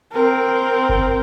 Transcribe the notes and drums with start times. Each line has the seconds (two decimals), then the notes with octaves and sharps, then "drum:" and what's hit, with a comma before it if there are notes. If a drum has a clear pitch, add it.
0.13 C4 A#4
0.89 drum: kick F#1